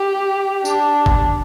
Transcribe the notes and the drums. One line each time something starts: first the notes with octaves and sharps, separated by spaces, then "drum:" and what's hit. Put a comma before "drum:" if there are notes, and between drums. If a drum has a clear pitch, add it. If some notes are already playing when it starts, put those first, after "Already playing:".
Already playing: G4
D4, drum: tambourine
drum: kick G1